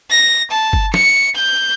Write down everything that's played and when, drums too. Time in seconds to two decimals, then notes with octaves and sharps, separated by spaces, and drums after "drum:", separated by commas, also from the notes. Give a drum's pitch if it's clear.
0.10 A#6
0.51 A5
0.73 drum: kick F#1
0.94 C#7, drum: snare
1.36 G6